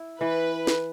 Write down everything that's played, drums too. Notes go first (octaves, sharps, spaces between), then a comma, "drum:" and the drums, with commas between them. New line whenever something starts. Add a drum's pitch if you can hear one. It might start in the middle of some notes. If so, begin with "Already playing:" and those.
Already playing: E4
E3 B4
drum: snare